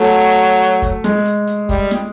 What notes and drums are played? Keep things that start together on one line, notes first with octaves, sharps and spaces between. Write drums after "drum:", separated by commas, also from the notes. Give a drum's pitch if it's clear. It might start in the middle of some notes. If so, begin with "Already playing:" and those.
Already playing: F#3 A3
drum: hi-hat
drum: kick, hi-hat
G#3, drum: snare
drum: hi-hat
drum: hi-hat
G3, drum: kick, hi-hat
drum: snare